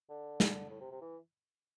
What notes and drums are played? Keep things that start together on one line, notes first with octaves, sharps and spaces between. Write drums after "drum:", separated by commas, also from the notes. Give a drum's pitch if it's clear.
D3
drum: snare
A2
C3
C3
E3